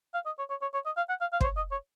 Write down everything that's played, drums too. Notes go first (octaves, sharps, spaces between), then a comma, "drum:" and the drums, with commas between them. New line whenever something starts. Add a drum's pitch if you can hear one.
F5
D#5
C#5
C#5
C#5
C#5
D#5
F5
F#5
F5
F5
C5, drum: kick
C#5
D#5
C#5